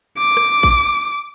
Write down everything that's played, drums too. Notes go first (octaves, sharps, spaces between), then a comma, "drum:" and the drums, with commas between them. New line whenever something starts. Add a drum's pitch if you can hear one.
D6
drum: rim click
drum: kick